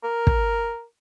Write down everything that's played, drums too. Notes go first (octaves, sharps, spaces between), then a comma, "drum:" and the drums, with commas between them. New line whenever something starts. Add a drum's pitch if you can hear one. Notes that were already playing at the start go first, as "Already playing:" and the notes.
A#4
drum: kick